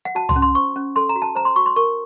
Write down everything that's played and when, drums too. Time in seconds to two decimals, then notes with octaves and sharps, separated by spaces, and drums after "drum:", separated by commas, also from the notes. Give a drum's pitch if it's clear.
0.05 F#5
0.15 F#4 A5
0.29 C6, drum: tom
0.36 C#4
0.42 C6
0.55 C5 C#6
0.76 C#4
0.96 A4 C6
1.09 A#5
1.16 F#4
1.22 A5
1.35 C5 A#5
1.45 C6
1.56 F#4 C#6
1.66 C6
1.76 A#4 C#6